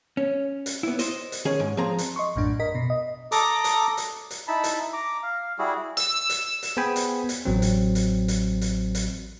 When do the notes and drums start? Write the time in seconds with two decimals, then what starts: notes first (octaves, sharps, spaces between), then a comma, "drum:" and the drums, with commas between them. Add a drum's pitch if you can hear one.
0.17 C#4
0.66 drum: hi-hat
0.83 B3 E4
0.99 C5 D#5, drum: hi-hat
1.32 drum: hi-hat
1.45 D#3 C#4 G#4
1.60 G#2
1.77 F3 C4 G#4 A#5
1.98 drum: hi-hat
2.16 D#5 C6 C#6
2.36 A#1 F#2 A2 D4
2.60 A#4 D#5 B6
2.75 B2
2.90 D#5
3.32 A4 A#5 D6 D#6, drum: hi-hat
3.64 drum: hi-hat
3.97 drum: hi-hat
4.31 drum: hi-hat
4.48 D#4 E4 A5 B5
4.64 drum: hi-hat
4.93 A#5 D6
5.23 F5
5.59 G3 E4 F#4 G#4
5.97 E6, drum: hi-hat
6.29 drum: hi-hat
6.63 drum: hi-hat
6.77 B3 G#4 C5 G5 G#5 B5
6.96 drum: hi-hat
7.29 drum: hi-hat
7.45 A1 F#3 C4
7.62 drum: hi-hat
7.95 drum: hi-hat
8.28 drum: hi-hat
8.61 drum: hi-hat
8.95 drum: hi-hat